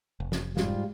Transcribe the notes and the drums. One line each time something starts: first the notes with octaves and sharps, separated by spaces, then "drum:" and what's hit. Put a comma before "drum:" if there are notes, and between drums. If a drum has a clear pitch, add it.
F1
drum: snare
G#2 G3 F4, drum: snare